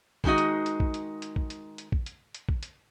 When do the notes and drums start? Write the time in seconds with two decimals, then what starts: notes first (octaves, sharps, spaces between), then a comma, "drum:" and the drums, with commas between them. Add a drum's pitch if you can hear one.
0.24 D#3 G#3 D#4 F#4 D#5, drum: kick A#1
0.38 drum: hi-hat
0.66 drum: hi-hat
0.80 drum: kick A#1
0.94 drum: hi-hat
1.22 drum: hi-hat
1.36 drum: kick A#1
1.50 drum: hi-hat
1.78 drum: hi-hat
1.92 drum: kick A#1
2.06 drum: hi-hat
2.35 drum: hi-hat
2.49 drum: kick A#1
2.63 drum: hi-hat